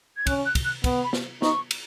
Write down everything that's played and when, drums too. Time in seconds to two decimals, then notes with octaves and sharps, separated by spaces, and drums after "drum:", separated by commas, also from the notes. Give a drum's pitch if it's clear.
0.17 G#6
0.27 C#4 F#6, drum: kick, cymbal
0.46 F#6
0.55 drum: kick, cymbal
0.65 F#6
0.84 B3, drum: kick, cymbal
1.03 B5
1.13 drum: snare
1.42 D#4 C#6, drum: snare
1.71 drum: cymbal